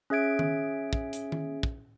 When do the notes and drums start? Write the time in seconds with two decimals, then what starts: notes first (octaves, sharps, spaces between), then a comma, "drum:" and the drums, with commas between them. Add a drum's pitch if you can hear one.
0.10 C#4 G#4 E5 G#6 D7
0.39 drum: tom D#3
0.93 drum: kick
1.13 drum: hi-hat
1.32 drum: tom D#3
1.63 drum: kick